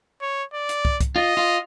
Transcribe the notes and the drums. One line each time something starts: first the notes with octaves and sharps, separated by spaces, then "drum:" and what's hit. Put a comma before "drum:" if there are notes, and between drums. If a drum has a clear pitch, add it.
C#5
D5
drum: hi-hat
drum: kick
drum: kick, hi-hat
F4 D#5
F4